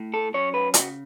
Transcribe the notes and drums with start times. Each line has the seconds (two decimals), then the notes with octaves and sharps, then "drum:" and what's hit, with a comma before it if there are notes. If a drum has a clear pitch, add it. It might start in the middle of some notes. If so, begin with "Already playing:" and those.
Already playing: A2
0.14 A4
0.34 F#3 C#4 C#5
0.54 B4
0.74 C#3 F#4, drum: hi-hat